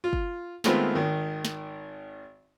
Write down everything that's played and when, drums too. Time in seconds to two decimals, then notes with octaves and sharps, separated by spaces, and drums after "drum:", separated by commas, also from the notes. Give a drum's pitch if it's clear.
0.04 F4
0.13 drum: kick
0.64 D#3 G#3 A3 B3 C4 F4, drum: snare
0.95 G#1 D#3
1.45 drum: snare